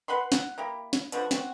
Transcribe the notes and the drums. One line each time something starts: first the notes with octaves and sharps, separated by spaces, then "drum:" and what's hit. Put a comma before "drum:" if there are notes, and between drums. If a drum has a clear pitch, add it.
B4 F#5 B5 C6
F#5, drum: snare
A#3 E4 G4
drum: snare
D3 F3 B3 F#4, drum: hi-hat
C4 F#4, drum: snare